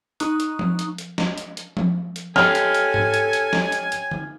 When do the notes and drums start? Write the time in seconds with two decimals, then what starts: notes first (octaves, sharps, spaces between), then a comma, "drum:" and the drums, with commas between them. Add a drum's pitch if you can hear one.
0.20 D#4 A#5 C#6 D#6 F#6, drum: hi-hat
0.40 drum: hi-hat
0.59 drum: tom F3
0.79 drum: hi-hat
0.98 drum: hi-hat
1.18 drum: snare
1.38 drum: hi-hat
1.57 drum: hi-hat
1.77 drum: tom F3
2.16 drum: hi-hat
2.36 C#4 G4 A4 G#5 F6, drum: snare
2.55 drum: hi-hat
2.75 drum: hi-hat
2.94 drum: tom G#2
3.14 drum: hi-hat
3.33 drum: hi-hat
3.53 drum: snare
3.72 drum: hi-hat
3.92 drum: hi-hat
4.11 drum: tom D3